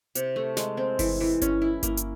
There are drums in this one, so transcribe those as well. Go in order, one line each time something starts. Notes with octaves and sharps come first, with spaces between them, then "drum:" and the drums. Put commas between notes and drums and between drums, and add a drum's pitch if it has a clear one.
C3, drum: hi-hat
A3
G#3, drum: snare
C4
E3, drum: kick G1, open hi-hat
E3
C#4, drum: kick G1, hi-hat
E4
A#3, drum: kick G1, hi-hat
drum: hi-hat